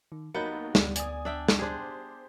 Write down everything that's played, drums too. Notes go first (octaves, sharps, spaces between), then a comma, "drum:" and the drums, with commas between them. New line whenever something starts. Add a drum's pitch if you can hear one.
D#3
D#2 F#3 B3 D#4 A#4 B5 G6 C#7
D2 G3, drum: snare
D5 G#5 D#6, drum: hi-hat
D4 E5 G5
drum: snare
D4 G4 G#4 C5